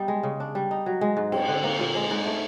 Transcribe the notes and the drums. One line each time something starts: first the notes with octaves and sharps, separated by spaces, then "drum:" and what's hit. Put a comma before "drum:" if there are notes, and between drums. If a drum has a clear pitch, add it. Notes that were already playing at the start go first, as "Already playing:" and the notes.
Already playing: G3 B3 D#4
G#3
C#3
D4
G3
D#4
F#3
G#3
G#2
C4, drum: cymbal
D3
A#3
A#2
G#3
G#2
A3